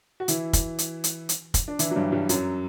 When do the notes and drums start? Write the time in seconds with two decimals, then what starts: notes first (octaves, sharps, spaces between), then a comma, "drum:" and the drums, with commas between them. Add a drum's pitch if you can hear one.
0.20 F#4
0.28 E3 E4, drum: hi-hat
0.53 drum: kick, hi-hat
0.78 drum: hi-hat
1.04 drum: hi-hat
1.29 drum: hi-hat
1.54 drum: kick, hi-hat
1.68 D4
1.79 E3 E4, drum: hi-hat
1.91 F#3
1.96 G2 G3
2.12 G2 G3
2.29 F#2 F#3, drum: hi-hat